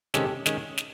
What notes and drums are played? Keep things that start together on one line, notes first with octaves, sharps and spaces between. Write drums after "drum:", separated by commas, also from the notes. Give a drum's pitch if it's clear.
C3 D#3 G#3 C#4 G4 A4, drum: snare
D#3 G#3 C#4, drum: snare
drum: snare